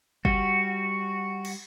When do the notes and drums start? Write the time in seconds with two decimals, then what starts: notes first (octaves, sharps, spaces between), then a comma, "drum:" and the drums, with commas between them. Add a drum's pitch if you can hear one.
0.25 G3 F#4, drum: kick
1.45 drum: cymbal